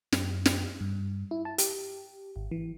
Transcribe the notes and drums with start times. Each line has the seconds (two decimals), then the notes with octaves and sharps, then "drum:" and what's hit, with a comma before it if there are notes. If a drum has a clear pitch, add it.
0.12 F#2, drum: snare
0.46 drum: snare
0.81 G2
1.31 E4
1.45 A5
1.58 G4, drum: hi-hat
2.36 G#1
2.51 E3